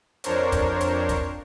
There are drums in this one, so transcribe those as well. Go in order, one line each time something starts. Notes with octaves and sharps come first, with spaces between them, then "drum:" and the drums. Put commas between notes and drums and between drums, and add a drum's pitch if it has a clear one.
F2 D4 A#4 C5 C#5, drum: hi-hat
drum: kick, hi-hat
drum: hi-hat
drum: kick, hi-hat